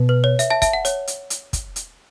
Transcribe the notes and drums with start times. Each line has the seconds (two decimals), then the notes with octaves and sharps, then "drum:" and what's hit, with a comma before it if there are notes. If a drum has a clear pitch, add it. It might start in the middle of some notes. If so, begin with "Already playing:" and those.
Already playing: B2
0.09 B4
0.24 C#5
0.39 E5, drum: hi-hat
0.50 E5 A5
0.62 E5 A5, drum: kick, hi-hat
0.73 F#5
0.85 C#5, drum: hi-hat
1.07 drum: hi-hat
1.30 drum: hi-hat
1.53 drum: kick, hi-hat
1.76 drum: hi-hat